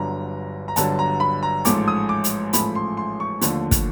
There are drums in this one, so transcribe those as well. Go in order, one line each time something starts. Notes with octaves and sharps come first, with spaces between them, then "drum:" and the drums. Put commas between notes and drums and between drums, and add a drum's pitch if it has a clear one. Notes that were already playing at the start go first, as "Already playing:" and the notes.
Already playing: G1 G2 D3 F#3 A#5
A#5
G1 G2 D3 F#3 A5, drum: hi-hat
A#5
B5
A#5
A1 G#2 F3 A3 D6, drum: hi-hat
D#6
D6
drum: hi-hat
A1 G#2 F3 A3 B5, drum: hi-hat
C6
C6
C#6
D#2 D3 F3 A3, drum: hi-hat
drum: kick, hi-hat